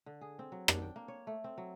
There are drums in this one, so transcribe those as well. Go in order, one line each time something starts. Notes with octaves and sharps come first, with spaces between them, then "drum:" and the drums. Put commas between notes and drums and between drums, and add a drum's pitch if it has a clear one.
D3
G#4
C4
F#3
D4, drum: rim click
G5
A#3
C#5
A3
C4
F#3